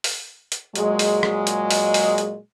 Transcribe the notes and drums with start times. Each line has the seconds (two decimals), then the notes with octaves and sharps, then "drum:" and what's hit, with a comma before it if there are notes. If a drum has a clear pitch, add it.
0.04 drum: open hi-hat
0.52 drum: hi-hat
0.76 A#2 F#3 G#3, drum: hi-hat
0.99 drum: open hi-hat
1.23 drum: rim click
1.47 drum: hi-hat
1.71 drum: open hi-hat
1.94 drum: open hi-hat
2.18 drum: hi-hat